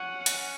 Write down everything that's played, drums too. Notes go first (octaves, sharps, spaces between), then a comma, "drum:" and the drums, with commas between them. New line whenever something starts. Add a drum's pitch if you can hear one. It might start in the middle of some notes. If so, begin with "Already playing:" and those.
Already playing: C#4 F#5
drum: hi-hat